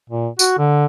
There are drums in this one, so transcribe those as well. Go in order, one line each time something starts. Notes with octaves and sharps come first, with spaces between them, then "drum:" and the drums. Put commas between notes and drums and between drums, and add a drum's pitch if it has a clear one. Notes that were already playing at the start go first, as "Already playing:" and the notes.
A#2
F#4, drum: tambourine
D3